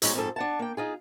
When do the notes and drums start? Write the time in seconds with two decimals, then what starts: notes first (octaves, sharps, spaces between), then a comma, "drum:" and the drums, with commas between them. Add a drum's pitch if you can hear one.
0.02 F#3 G#3 D4 D#4 C#5, drum: hi-hat
0.15 F2 G#2 A4
0.36 D4 F#5 A5
0.59 A#3 G5
0.77 D#4 F4 G#4